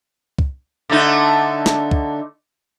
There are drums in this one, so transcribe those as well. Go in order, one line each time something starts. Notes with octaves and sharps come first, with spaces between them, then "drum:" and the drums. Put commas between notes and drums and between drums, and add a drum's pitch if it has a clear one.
drum: kick
D3 A3 D#4
drum: snare
drum: kick